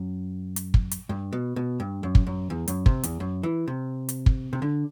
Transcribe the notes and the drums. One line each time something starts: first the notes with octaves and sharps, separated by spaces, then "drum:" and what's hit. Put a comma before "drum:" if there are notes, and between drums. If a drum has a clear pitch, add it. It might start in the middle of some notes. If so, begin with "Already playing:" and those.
Already playing: F#2
drum: hi-hat
drum: kick
drum: hi-hat
G2
B2
B2
G2
F#2
drum: kick
F#2
E2
F#2, drum: hi-hat
C3, drum: kick
E2, drum: hi-hat
F#2
E3
C3
drum: hi-hat
drum: kick
C3
D3